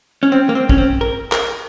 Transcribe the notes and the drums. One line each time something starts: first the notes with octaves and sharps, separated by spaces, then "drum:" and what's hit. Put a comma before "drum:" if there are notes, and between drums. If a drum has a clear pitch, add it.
C#4
C4
A#3
C4
C#4, drum: kick
C4
A#4
A#4, drum: clap